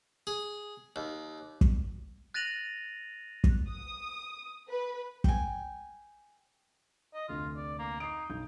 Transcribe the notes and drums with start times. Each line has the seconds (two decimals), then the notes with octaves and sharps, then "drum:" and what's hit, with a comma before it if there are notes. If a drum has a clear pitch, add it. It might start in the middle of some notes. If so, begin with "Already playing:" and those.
0.27 G#4
0.96 D#2
1.61 drum: kick
2.34 F#6 A6 A#6 D#7 F7 F#7
3.44 drum: kick
3.69 D#6
4.69 B4
5.24 G5 G#5, drum: kick
7.14 D#5
7.29 F1 D2 F4
7.56 D5
7.79 A#3
8.00 D#4 C7 D7
8.30 B1 D#4 G6